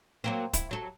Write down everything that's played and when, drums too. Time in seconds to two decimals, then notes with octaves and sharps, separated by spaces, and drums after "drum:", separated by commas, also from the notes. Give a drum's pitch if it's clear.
0.24 F#3 A#3 C4
0.53 E4, drum: kick D1, hi-hat
0.71 F#3 A4